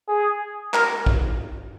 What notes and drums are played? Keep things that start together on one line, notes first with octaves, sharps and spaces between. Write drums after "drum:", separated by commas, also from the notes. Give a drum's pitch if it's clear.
G#4
A#4, drum: clap
drum: kick